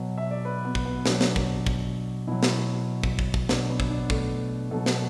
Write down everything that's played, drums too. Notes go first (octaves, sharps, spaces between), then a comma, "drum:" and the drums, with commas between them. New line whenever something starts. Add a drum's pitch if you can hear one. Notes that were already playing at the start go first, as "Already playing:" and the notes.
Already playing: B2 F#3
E5
D5
B4
B3
drum: kick
B3
B2 F#3 D4, drum: snare
drum: snare
drum: kick
drum: kick
B2 F#3 E4
drum: snare
drum: kick
drum: kick
drum: kick
B2 F#3 D4, drum: snare
B3
drum: kick
D4
A3, drum: kick
B2 F#3 A4
drum: snare